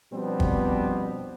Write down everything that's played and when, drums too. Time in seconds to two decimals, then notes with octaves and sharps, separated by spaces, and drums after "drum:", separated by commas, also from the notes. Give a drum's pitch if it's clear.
0.12 B2 F3 G3 B3 C4 D4
0.40 drum: kick